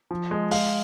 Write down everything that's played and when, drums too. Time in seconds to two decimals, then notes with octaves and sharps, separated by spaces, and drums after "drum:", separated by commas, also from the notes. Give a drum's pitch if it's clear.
0.11 F3
0.31 G#3
0.51 G#3 F5, drum: open hi-hat